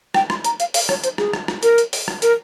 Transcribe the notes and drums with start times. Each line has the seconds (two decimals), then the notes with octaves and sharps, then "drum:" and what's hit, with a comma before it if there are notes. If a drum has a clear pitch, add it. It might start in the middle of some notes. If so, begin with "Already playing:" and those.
0.14 G5, drum: rim click
0.30 C6, drum: rim click
0.44 A#5, drum: hi-hat
0.60 F5, drum: hi-hat
0.74 F5, drum: open hi-hat
0.89 C#5, drum: rim click
1.04 C5, drum: hi-hat
1.18 G#4, drum: rim click
1.33 drum: rim click
1.48 drum: rim click
1.63 A#4, drum: hi-hat
1.78 drum: hi-hat
1.93 drum: open hi-hat
2.08 drum: rim click
2.22 A#4, drum: hi-hat